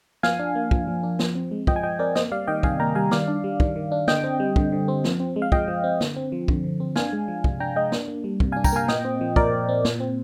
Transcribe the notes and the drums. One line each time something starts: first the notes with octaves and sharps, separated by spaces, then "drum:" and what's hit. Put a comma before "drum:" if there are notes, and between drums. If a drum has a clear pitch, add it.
F3 F5 G#5, drum: snare
D4
A#3
F3, drum: kick
F3
D4
F3, drum: snare
C4
G#3
F3 D#5 G5, drum: kick
G#5
F3 D#5 G5
C4 A#4 D5
A#3 C5 D#5, drum: snare
G3 D5 F5
D#3 D#5 G5
C3 F5 G#5, drum: kick
A#3 G5 A#5
G3 F5 G#5
D#3 D5 F5, drum: snare
D4
G3
D#3, drum: kick
D#3
D4
D3 D#5 G5, drum: snare
C4
G3
D3, drum: kick
D3
C4
F3, drum: snare
C4
G#3
F5
F3 D#5 G5, drum: kick
F3
C4
D3, drum: snare
C4
F3
D3, drum: kick
D3
C4
D4 F5 G#5, drum: snare
G#3
F3
C3, drum: kick
D4 G5 A#5
G#3 D#5 G5
D4, drum: snare
A#3
G3
C3, drum: kick
F5 G#5
D4
G5 A#5, drum: kick, tambourine
A#3 F5 G#5
A#2 D#5 G5, drum: snare
C4
F3
A#2 A#4 D5, drum: kick
A#2
C4
A#2, drum: snare
C4